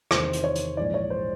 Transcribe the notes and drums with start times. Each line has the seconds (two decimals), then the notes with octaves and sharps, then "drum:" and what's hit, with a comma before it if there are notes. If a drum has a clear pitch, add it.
0.11 E2 C3 D#3 C5, drum: rim click
0.33 drum: hi-hat
0.44 C#5
0.55 drum: hi-hat
0.77 A#1 G#2 E3 D5
0.94 C#5
1.10 C5